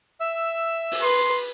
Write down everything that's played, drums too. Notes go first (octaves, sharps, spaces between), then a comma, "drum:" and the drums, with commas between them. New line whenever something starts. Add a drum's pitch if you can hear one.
E5 E6
drum: open hi-hat
B4 C6